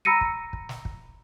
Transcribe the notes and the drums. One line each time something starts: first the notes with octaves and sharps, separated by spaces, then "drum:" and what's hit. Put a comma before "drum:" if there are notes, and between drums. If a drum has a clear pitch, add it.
A#5 B5 E6 A#6 C#7 D#7
drum: kick
drum: kick
drum: snare
drum: kick